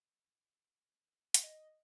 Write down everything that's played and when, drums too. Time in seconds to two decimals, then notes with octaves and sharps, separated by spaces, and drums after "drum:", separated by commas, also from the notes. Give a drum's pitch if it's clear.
1.34 drum: hi-hat
1.44 D#5